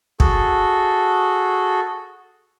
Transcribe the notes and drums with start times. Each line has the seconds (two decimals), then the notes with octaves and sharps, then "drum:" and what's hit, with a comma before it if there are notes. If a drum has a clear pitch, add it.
0.20 F#4 G#4 A4, drum: kick